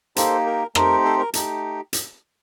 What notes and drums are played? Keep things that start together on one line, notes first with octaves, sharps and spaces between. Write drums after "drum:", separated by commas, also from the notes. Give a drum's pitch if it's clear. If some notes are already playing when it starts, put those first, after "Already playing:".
A#3 D#4 G4 A4 C5, drum: hi-hat
A#4
A3 C4 D#4 G4 A#4, drum: rim click
A4 C5
A#4
A3 D#4 G4, drum: hi-hat
drum: hi-hat